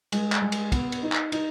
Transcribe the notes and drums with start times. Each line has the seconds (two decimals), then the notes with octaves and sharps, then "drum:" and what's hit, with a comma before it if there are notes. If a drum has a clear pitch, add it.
0.12 G#3, drum: cymbal
0.32 drum: clap
0.42 G#3
0.52 drum: cymbal
0.72 B3, drum: kick, cymbal
0.92 drum: cymbal
1.03 D#4
1.12 drum: clap
1.32 D#4, drum: cymbal